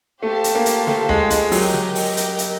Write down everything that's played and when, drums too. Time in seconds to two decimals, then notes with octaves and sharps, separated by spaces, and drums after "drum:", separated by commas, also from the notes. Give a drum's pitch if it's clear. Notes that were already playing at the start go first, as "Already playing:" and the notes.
0.22 A3 G4 C5 F5 A5
0.44 drum: hi-hat
0.55 A#3
0.66 drum: hi-hat
0.87 A3, drum: snare
1.09 G#3, drum: tom D2
1.30 G#3, drum: hi-hat
1.52 F#3 G4 A#4 D#5 G5, drum: open hi-hat
1.74 drum: snare
1.95 drum: open hi-hat
2.17 drum: hi-hat
2.39 drum: hi-hat